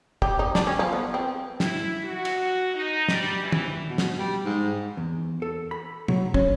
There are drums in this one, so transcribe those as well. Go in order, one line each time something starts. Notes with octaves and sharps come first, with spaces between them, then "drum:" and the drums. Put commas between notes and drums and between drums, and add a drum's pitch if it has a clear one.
G4, drum: kick
D#4
D4, drum: snare
C#4
F3
B3
C4
E4, drum: snare
F#4
drum: cymbal
D#4
G3, drum: snare
E3
drum: tom D#3
B2
drum: snare
G3
G#2
E2
A4
B5
F#3, drum: tom
C#4, drum: kick